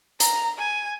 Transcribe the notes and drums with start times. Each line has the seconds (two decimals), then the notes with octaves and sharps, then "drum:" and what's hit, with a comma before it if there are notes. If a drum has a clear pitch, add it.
0.20 A#5, drum: hi-hat
0.58 G#5